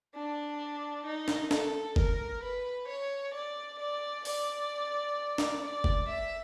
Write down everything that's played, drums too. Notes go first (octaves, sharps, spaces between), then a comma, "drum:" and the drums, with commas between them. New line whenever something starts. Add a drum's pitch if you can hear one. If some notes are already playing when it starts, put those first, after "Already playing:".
D4
D#4
drum: snare
A4, drum: snare
A#4, drum: kick F#1
B4
C#5
D5
D5
D5, drum: open hi-hat
drum: snare
D5
drum: kick F#1
E5